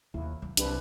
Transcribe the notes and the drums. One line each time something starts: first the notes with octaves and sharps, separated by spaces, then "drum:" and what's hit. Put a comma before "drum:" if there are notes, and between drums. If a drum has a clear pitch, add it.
D#2 E4
F#3
C2 D4 G4 B4, drum: hi-hat